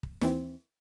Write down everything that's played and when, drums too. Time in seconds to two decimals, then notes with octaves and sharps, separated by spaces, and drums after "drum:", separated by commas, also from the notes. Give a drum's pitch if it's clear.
0.03 drum: kick
0.21 D#2 E3 C4, drum: snare